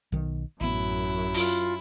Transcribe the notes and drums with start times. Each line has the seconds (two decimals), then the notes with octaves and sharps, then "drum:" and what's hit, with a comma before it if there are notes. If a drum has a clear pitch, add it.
0.12 B1 D#3
0.61 A1 F#2 B3 E4
1.34 F4, drum: open hi-hat